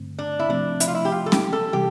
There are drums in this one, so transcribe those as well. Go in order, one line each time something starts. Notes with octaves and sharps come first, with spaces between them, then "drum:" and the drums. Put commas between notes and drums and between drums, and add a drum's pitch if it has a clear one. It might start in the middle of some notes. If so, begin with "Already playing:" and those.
Already playing: G2 D3 A3 C4
D4
E4
C3 F3 A3 C4 D4
E4, drum: hi-hat
F4
E4
G4
F4
A4
G4, drum: snare C#4
A4
C3 E3 G3 G4